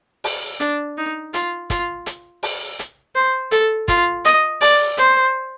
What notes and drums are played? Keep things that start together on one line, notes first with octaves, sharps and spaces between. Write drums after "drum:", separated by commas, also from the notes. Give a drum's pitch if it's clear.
drum: open hi-hat
D4, drum: hi-hat
D#4
F4, drum: hi-hat
F4, drum: kick, hi-hat
drum: hi-hat
drum: open hi-hat
drum: hi-hat
C5
A4, drum: hi-hat
F4, drum: kick, hi-hat
D#5, drum: hi-hat
D5, drum: open hi-hat
C5, drum: hi-hat